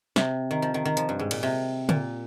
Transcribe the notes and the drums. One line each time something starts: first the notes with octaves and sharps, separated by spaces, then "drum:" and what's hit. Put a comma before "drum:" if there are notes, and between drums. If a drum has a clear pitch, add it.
C3, drum: snare
D#3
F3
D#3
D#3
F3, drum: hi-hat
G2
G#2
A#2, drum: cymbal
C3
A#2, drum: tom C#3